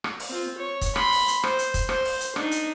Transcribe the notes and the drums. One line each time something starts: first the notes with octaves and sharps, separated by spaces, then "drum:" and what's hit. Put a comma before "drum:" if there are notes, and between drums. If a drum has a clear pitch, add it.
drum: rim click
drum: open hi-hat
C4 F4
C#5
drum: kick, hi-hat
B5 C6, drum: rim click
drum: open hi-hat
drum: hi-hat
C5, drum: rim click
drum: hi-hat
drum: kick, hi-hat
C5, drum: rim click
drum: open hi-hat
drum: hi-hat
D4 D#4, drum: rim click
drum: hi-hat